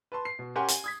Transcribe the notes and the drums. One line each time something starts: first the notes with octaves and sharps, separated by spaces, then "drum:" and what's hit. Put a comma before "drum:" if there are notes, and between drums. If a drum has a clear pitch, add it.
B4 A5 C6
C7
B2
C#4 G4 A#4 F#5 G#5 C6
G#5, drum: hi-hat
D#6 G#6 B6